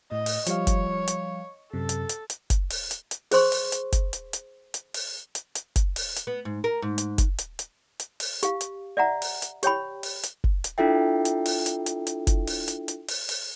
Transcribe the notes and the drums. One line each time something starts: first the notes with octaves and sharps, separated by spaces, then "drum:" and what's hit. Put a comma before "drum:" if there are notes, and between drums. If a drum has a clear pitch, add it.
A2 D#5
drum: open hi-hat
F3 G3 C#5 F5, drum: hi-hat
drum: kick F#1, hi-hat
drum: hi-hat
F#2 C3 A4
drum: hi-hat
drum: hi-hat
drum: hi-hat
drum: kick F#1, hi-hat
drum: open hi-hat
drum: hi-hat
drum: hi-hat
G#4 C5 C6 C#6, drum: open hi-hat
drum: open hi-hat
drum: hi-hat
drum: kick F#1, hi-hat
drum: hi-hat
drum: hi-hat
drum: hi-hat
drum: open hi-hat
drum: hi-hat
drum: hi-hat
drum: kick F#1, hi-hat
drum: open hi-hat
drum: hi-hat
B3
G#2
A#4
G#2
drum: hi-hat
drum: kick F#1, hi-hat
drum: hi-hat
drum: hi-hat
drum: hi-hat
drum: open hi-hat
G4 F5, drum: hi-hat
drum: hi-hat
D5 E5 F#5 A#5
drum: open hi-hat
drum: hi-hat
G4 C#5 G5 B5, drum: hi-hat
drum: open hi-hat
drum: hi-hat
drum: kick F#1
drum: hi-hat
D4 E4 F4 A4 E5 G5
drum: hi-hat
drum: open hi-hat
drum: hi-hat
drum: hi-hat
drum: hi-hat
drum: kick F#1, hi-hat
drum: open hi-hat
drum: hi-hat
drum: hi-hat
drum: open hi-hat
drum: open hi-hat